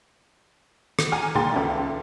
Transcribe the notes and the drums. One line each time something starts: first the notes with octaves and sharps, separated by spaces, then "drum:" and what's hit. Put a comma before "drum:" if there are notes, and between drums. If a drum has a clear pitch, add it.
drum: rim click
G#5 A#5 F6
D#2 A#2 G#4 G5 C6 A6
C#2 A4 E5